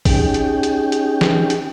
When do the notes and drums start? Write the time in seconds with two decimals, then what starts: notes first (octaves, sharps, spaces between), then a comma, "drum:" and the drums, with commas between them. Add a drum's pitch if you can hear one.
0.05 C#4 D#4 G4 G#4 G5, drum: kick, open hi-hat
0.34 drum: hi-hat
0.63 drum: hi-hat
0.92 drum: hi-hat
1.21 drum: snare
1.50 drum: hi-hat